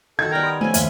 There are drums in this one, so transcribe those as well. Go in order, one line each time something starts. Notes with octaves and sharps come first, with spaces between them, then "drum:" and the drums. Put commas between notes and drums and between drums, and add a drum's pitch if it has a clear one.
D#3 F#4 A4 G#6
G3 B3 A#4 G5 A#5
C6 D#6
F3 A3 A#3 C#4 G#5
D#2 E5 B5, drum: hi-hat